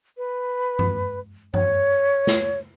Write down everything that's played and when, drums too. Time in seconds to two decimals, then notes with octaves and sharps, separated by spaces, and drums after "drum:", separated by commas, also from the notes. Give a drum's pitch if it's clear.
0.17 B4
0.79 drum: tom G2
1.54 C#5, drum: tom G2
2.27 drum: snare